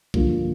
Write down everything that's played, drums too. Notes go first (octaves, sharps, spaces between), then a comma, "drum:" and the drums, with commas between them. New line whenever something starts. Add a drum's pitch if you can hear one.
G2 D3 F3 A#3 F4, drum: kick B1